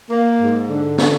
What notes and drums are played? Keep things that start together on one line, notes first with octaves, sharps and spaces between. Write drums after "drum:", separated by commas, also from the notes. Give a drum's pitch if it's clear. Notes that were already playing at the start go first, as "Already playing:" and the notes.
A#3
G#2
D3
D3, drum: snare